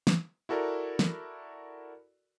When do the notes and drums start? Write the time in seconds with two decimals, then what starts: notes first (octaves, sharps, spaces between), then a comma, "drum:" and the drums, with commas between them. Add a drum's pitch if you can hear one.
0.07 drum: snare
0.49 E4 F#4 A4 A#4 D5
0.99 drum: snare